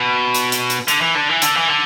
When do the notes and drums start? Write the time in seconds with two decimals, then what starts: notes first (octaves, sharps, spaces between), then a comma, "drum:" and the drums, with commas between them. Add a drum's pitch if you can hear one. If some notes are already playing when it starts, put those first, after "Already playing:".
Already playing: B2
0.35 drum: hi-hat
0.52 drum: hi-hat
0.70 drum: hi-hat
0.88 D3, drum: hi-hat
1.01 E3
1.15 D3
1.29 E3
1.42 D3, drum: hi-hat
1.55 E3
1.68 D3